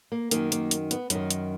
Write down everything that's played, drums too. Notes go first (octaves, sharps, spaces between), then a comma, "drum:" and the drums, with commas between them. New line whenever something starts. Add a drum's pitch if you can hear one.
A#3
F#2 D#3 A#3, drum: hi-hat
A#3, drum: hi-hat
drum: hi-hat
B3, drum: hi-hat
F#2 D#3 D#4, drum: hi-hat
drum: hi-hat